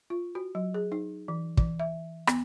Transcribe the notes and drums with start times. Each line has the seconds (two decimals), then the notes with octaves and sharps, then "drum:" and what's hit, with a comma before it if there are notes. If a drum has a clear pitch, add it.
0.10 F4
0.35 F#4
0.55 F#3
0.74 G#4
0.92 D#4
1.28 E3
1.57 E3, drum: kick
1.80 E5
2.27 B3, drum: rim click